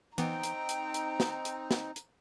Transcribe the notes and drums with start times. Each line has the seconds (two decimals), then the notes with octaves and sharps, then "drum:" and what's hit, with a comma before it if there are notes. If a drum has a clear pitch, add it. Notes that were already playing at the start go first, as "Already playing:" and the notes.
0.18 E3 B3 C4 D#4 G5 A#5, drum: hi-hat
0.43 drum: hi-hat
0.69 drum: hi-hat
0.94 drum: hi-hat
1.20 drum: snare
1.45 drum: hi-hat
1.71 drum: snare
1.96 drum: hi-hat